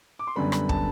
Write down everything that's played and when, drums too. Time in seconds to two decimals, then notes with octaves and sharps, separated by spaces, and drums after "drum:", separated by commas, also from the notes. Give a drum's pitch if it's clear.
0.19 D6
0.27 C6
0.36 F#2 D3 G3 B3 B5
0.52 B5, drum: rim click
0.69 A5, drum: kick